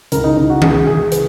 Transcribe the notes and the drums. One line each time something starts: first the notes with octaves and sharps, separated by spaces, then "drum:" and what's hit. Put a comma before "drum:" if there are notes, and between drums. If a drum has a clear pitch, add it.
C#2 A#4, drum: hi-hat
D#4
C#2 D#4
F#4
C#2 G#4, drum: tom D#3
C#2 G#4
B4, drum: hi-hat